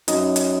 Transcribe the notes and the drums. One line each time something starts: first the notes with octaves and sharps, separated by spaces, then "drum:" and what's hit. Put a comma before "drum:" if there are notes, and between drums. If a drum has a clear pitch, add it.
F#2 D#4, drum: hi-hat
drum: hi-hat